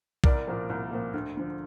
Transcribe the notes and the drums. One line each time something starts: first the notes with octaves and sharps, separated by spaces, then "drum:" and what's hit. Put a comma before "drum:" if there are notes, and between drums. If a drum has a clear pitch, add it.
C2 A#4 D5, drum: kick
A#2 F3 A#3
C2
A#2 F3 A#3
D2
D3 F3